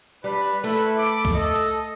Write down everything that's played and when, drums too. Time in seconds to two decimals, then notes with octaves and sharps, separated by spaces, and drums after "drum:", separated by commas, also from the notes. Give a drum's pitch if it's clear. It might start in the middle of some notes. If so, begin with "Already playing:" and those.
0.24 G3 D4 B4
0.64 A3 E4 A4 B4, drum: hi-hat
0.97 B5 D6
1.25 drum: kick C2, hi-hat
1.34 A4 D#5
1.55 drum: hi-hat